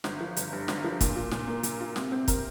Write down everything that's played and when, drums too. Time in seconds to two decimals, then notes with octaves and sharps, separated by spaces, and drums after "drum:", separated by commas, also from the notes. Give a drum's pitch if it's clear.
0.04 G1, drum: snare
0.21 F3
0.37 G1, drum: hi-hat
0.53 G2
0.68 G1, drum: snare
0.84 F3
1.01 A#2, drum: kick, hi-hat
1.16 F4
1.31 A#2, drum: snare
1.47 A#3
1.63 A#2, drum: hi-hat
1.80 F4
1.96 C3, drum: snare
2.12 C4
2.28 A#4, drum: kick, hi-hat